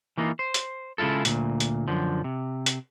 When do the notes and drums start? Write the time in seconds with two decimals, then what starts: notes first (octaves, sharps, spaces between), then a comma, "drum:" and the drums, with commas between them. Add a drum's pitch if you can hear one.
0.17 E3 A#3 D#4 F4
0.39 C5
0.54 drum: hi-hat
0.98 C#3 G#3 E4 F4 A4
1.25 D2 A#2, drum: hi-hat
1.60 drum: hi-hat
1.88 F#2 D3 F3
2.24 C3
2.66 drum: hi-hat